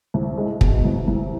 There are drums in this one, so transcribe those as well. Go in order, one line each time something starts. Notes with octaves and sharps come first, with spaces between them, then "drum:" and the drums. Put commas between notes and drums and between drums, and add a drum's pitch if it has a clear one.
C2
G#3
B2, drum: kick
C2
C2